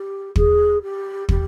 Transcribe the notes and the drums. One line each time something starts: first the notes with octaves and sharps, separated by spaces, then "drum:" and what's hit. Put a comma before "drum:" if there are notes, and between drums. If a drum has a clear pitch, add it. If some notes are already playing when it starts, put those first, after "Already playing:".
Already playing: G4
G#4, drum: kick
G4
G4, drum: kick